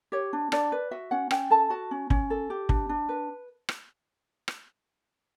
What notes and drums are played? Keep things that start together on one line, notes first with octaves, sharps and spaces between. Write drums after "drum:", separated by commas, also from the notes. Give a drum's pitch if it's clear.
G4 C#5
D4
D4 D5, drum: rim click
B4
F#4 E5
C#4 F#5
C#4 G5, drum: rim click
A4 A5
F#4 A5
C#4
C#4, drum: kick
A4
G4
D4, drum: kick
D4
B4
drum: rim click
drum: rim click